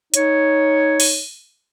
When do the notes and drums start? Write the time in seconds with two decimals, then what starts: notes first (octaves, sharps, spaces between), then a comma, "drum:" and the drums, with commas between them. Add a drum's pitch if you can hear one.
0.14 D#4 C#5, drum: hi-hat
1.00 drum: open hi-hat